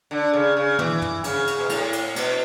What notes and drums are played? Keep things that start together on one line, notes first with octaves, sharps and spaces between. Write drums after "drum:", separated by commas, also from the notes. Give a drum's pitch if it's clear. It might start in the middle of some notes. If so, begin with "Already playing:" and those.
D3
C#3
C#3
E3, drum: tom
drum: tom
C#3, drum: cymbal
drum: cymbal
B2
A2, drum: cymbal
drum: cymbal
B2, drum: cymbal